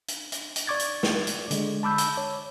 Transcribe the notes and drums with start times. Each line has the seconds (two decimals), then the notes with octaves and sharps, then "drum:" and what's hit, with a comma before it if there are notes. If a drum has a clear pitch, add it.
0.08 drum: hi-hat
0.32 drum: hi-hat
0.56 drum: hi-hat
0.67 D5 C#6 D6 G#6 A6
0.79 drum: hi-hat
1.03 drum: snare
1.27 drum: hi-hat
1.51 D3 G#3, drum: hi-hat
1.83 A5 B5 D6 E6 G6
1.98 drum: hi-hat
2.17 C#5